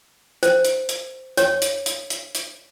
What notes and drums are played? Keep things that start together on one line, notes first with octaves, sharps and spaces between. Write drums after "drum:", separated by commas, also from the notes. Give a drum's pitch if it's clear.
C5, drum: hi-hat
drum: hi-hat
drum: hi-hat
C#5, drum: hi-hat
drum: hi-hat
drum: hi-hat
drum: hi-hat
drum: hi-hat